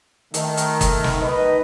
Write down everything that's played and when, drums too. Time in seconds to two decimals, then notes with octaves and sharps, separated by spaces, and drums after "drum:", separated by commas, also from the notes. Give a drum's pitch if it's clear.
0.34 D#3 A3, drum: hi-hat
0.57 drum: hi-hat
0.81 drum: kick F#1, hi-hat
1.04 drum: snare
1.22 D#4 B4 D#5